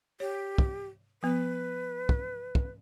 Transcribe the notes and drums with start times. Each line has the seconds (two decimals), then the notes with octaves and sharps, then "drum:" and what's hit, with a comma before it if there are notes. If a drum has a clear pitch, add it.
0.20 G4 C#5
0.58 drum: kick
1.23 F3 B3 B4
2.09 drum: kick
2.55 drum: kick